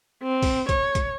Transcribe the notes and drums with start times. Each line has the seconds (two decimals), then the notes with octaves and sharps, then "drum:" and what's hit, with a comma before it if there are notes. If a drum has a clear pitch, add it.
0.23 C4
0.42 drum: kick, open hi-hat
0.69 C#5, drum: kick, hi-hat
0.95 drum: kick, hi-hat